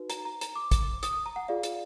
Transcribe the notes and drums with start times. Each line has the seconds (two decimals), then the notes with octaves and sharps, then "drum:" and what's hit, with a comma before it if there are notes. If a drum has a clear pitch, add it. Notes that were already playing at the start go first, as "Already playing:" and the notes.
Already playing: D#4 F#4 B4
0.10 A#5, drum: hi-hat
0.25 A#5
0.41 A#5, drum: hi-hat
0.56 D6
0.71 drum: kick, hi-hat
1.03 D#6, drum: hi-hat
1.13 D#6
1.26 A#5
1.36 F#5
1.48 F4 G#4 D5 F5
1.63 drum: hi-hat